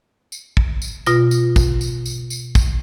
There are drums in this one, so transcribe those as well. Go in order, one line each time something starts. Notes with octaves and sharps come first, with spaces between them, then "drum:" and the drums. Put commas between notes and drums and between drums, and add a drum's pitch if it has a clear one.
drum: tambourine
drum: kick
drum: tambourine
B2 F4 A#6, drum: tambourine
drum: tambourine
drum: kick, tambourine
drum: tambourine
drum: tambourine
drum: tambourine
drum: kick, tambourine